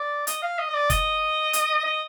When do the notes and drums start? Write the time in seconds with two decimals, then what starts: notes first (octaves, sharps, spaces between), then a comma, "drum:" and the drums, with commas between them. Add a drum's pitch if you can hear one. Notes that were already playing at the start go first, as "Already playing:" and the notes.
Already playing: D5
0.27 D#5, drum: hi-hat
0.43 F5
0.58 D#5
0.70 D#5
0.74 D5
0.90 D#5, drum: kick, hi-hat
1.53 drum: hi-hat
1.85 D#5